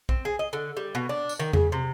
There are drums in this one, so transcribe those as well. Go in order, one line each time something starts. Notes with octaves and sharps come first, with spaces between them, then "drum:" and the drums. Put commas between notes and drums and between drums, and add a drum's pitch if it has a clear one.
C4, drum: kick
G#4
D#5
D3
G3
B2
D4
drum: tambourine
D#3
C#3, drum: tom E2
C3